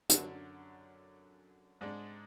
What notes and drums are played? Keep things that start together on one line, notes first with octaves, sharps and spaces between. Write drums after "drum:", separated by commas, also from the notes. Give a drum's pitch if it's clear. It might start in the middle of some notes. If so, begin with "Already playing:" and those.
F#2 D3 F#3 D4, drum: hi-hat
G#2 G#3 D4